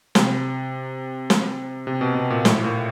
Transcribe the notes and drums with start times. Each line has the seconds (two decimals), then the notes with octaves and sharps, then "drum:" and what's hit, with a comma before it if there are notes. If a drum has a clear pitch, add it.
0.15 C3, drum: snare
1.30 drum: snare
1.87 C3
2.01 B2
2.15 B2
2.30 A#2
2.45 A2, drum: snare
2.64 A#2